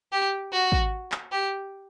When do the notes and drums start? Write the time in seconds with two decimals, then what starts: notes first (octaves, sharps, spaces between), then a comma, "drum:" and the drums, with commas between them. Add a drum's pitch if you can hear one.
0.12 G4
0.52 F#4
0.72 drum: kick
1.12 drum: clap
1.32 G4